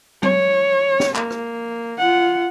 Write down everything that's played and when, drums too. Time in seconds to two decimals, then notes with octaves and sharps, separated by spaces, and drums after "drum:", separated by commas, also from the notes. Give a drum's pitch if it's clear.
0.23 C#5, drum: tom F#3
1.00 drum: snare
1.15 A#3, drum: clap
1.30 drum: rim click
1.98 F4 F#5